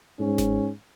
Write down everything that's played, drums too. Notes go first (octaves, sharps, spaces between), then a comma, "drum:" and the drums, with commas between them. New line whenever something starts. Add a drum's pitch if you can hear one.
G#2 C#4
drum: snare G1